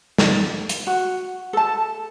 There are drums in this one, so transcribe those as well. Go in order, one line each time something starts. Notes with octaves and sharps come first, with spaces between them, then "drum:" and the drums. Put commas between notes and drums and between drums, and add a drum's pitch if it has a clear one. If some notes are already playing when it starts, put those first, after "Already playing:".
D5, drum: snare
drum: hi-hat
F#4
A4 A5